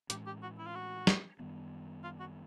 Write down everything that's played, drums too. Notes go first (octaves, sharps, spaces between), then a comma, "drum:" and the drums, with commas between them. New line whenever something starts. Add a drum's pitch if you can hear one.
A2 E3 G#3 C#4 G4, drum: hi-hat
G4
F#4
E4
F4
F#4
drum: snare
F#2 D#3 G3 B3
F4
F#4